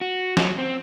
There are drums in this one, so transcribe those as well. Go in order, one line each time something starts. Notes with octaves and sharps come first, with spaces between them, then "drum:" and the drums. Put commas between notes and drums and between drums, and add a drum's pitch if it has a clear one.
F#4
F#3, drum: snare
C4